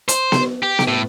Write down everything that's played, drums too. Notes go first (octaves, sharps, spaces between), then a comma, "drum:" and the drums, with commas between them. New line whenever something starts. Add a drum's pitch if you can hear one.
C5, drum: hi-hat
drum: snare B3
G4
drum: snare B3
A2